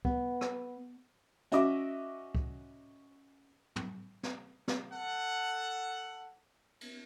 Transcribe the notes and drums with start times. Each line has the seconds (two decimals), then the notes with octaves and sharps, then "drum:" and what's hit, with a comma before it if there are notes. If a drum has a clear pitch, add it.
0.05 B3, drum: kick C#2
0.41 drum: rim click
1.52 C#4 F#4 D#5 E5 D6, drum: hi-hat
2.35 drum: kick C#2
3.76 drum: tom
4.23 drum: snare
4.68 drum: snare
4.92 A4 F#5
6.81 drum: cymbal